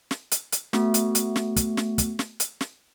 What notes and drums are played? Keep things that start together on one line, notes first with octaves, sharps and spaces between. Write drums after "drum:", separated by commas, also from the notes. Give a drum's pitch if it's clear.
drum: snare
drum: hi-hat
drum: hi-hat
A3 B3 F#4, drum: snare
drum: hi-hat
drum: hi-hat
drum: snare
drum: kick, hi-hat
drum: snare
drum: kick, hi-hat
drum: snare
drum: hi-hat
drum: snare